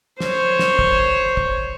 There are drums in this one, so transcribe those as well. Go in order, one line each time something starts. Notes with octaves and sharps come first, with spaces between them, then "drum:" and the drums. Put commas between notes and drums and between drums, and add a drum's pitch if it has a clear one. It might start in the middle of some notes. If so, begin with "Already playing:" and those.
C5 C#5, drum: snare
drum: snare
drum: kick
drum: kick